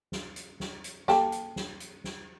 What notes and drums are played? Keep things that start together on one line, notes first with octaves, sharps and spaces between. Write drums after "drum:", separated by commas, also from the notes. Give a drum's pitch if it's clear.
drum: snare
drum: hi-hat
drum: snare
drum: hi-hat
A#3 G4 A4, drum: snare
drum: hi-hat
drum: snare
drum: hi-hat
drum: snare